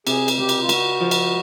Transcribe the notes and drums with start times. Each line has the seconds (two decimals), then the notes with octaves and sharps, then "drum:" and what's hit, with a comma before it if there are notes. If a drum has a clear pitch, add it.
0.07 C3 G#4, drum: cymbal
0.28 drum: cymbal
0.38 C#2 G4
0.49 drum: cymbal
0.60 F4
0.69 C#2 F#4, drum: cymbal
1.01 F3
1.11 drum: cymbal